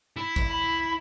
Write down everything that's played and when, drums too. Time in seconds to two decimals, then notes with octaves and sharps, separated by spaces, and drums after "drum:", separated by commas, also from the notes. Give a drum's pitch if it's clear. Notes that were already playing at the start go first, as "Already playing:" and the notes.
0.17 E4
0.36 drum: kick
0.49 B5